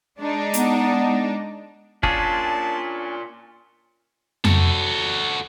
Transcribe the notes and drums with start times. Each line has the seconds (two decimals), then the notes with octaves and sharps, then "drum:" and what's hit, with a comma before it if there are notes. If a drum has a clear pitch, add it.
0.19 G#3 D4 D#4
0.54 B3, drum: hi-hat
2.03 A#2 C#4 D4 F4 G#4 A5, drum: kick F#1
4.44 F#4 A4, drum: tom F2